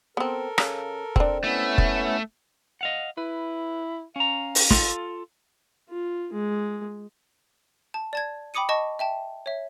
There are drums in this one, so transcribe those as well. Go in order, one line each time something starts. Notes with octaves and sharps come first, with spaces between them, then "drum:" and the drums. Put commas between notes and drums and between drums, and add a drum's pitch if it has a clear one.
B3 C4 A4 A#4
C#3 A#5, drum: rim click
C4 D4, drum: kick F1
A3 B3 C#4 E4
drum: kick F1
D#5 F5 F#5
E4 B4
C#4 F5 A#5
drum: open hi-hat
F4 A4, drum: snare
F4
G#3
A5
D5 A5 G#6
G5 B5 D6 D#6 C#7 D#7
D#5 A5 C#6
E5 G5 A5
C#5 E5